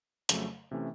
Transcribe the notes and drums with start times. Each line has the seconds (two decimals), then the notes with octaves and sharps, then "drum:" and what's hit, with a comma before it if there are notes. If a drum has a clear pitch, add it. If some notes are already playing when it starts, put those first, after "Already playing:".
0.29 F2 C#3 F#3 A3, drum: hi-hat
0.71 C3 E3 A3 C#4